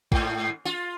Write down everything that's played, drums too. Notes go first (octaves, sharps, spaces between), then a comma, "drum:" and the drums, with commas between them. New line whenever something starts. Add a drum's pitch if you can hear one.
G#2, drum: kick
F4